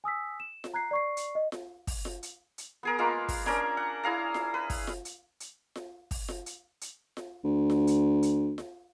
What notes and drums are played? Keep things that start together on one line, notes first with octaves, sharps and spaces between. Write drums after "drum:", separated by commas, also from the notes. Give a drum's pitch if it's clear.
G#5 D#6 E6 B6
E7
drum: snare F4
A#5 F#6 G#6 C7
D5 C#6 C7
drum: hi-hat
D#5
drum: snare F4
drum: kick, open hi-hat
drum: snare F4
drum: hi-hat
drum: hi-hat
B3 G#4 A#4
G#3 A#3 F4 B4
drum: kick, open hi-hat
C#4 D4 A#4 G#5, drum: snare F4
F#5
E4 G#4 F5 A#5
drum: snare F4
B4
drum: kick, open hi-hat
drum: snare F4
drum: hi-hat
drum: hi-hat
drum: snare F4
drum: kick, open hi-hat
drum: snare F4
drum: hi-hat
drum: hi-hat
drum: snare F4
D2
drum: snare F4
drum: hi-hat
drum: hi-hat
drum: snare F4